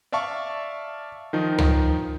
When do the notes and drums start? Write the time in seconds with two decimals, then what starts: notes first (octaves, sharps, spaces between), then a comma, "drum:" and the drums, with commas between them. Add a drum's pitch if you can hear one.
0.12 D5 E5 F5 A5 C#6
1.33 D#3 F3 D#4
1.58 drum: tom C#2